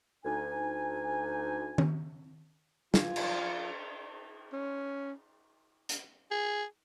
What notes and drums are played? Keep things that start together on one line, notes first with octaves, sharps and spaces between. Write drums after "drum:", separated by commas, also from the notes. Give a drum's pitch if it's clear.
D2 D#4 G#5
drum: tom D#3
F3 F4 G#5, drum: snare
drum: cymbal
C#4
drum: hi-hat
G#4